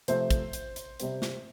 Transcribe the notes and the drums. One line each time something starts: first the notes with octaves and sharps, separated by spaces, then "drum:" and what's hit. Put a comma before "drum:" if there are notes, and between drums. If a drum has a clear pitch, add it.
C3 F3 A3 C4 C5, drum: hi-hat
drum: kick, hi-hat
drum: hi-hat
drum: hi-hat
C3 G3 C4, drum: hi-hat
drum: snare